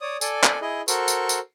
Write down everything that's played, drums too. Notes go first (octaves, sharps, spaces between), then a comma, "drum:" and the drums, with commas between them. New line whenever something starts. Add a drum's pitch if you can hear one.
C#5 D5 D#6
A4 D5 G#5, drum: tambourine
drum: clap
E4 G#4 D#5
F#4 A4 A#4 C5 C#6, drum: tambourine
drum: tambourine
drum: tambourine